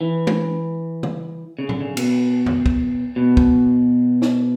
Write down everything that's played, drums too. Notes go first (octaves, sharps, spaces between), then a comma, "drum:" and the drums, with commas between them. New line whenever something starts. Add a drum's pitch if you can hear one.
E3
drum: tom G#3
drum: tom C#3
C#3
D3, drum: tom A2
C#3
B2, drum: cymbal
drum: tom F2
drum: kick
B2
drum: kick
drum: snare